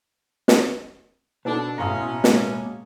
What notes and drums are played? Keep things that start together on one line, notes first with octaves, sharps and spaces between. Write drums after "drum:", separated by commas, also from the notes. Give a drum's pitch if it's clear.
drum: snare
B2 B3 D4 D#4 A4
A1 A2 C#4 F5 A#5 C6 D#6
G#3 A#3, drum: snare